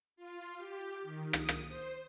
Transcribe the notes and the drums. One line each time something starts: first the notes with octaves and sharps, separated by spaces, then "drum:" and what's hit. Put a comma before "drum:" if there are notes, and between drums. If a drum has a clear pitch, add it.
F4
G4
D#3
D#6, drum: rim click
drum: rim click
C5